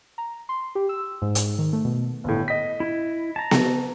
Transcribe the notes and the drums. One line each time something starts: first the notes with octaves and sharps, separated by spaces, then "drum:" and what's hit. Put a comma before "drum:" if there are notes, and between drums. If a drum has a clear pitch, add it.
A#5
C6
G4
E6
G#2
drum: hi-hat
D#3
A3
B2
G1 A2
D#5 B6
E4
A5 A#5
drum: snare B3